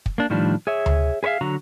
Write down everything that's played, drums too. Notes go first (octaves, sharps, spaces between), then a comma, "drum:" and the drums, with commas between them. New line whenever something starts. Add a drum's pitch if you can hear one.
drum: kick
A#3 D4
A2 D#3 F3 G3 D4
G#4 C#5 E5
drum: tom D2
G#4 B4 C#5 E5 F5
D3 F#3 F#4 A#5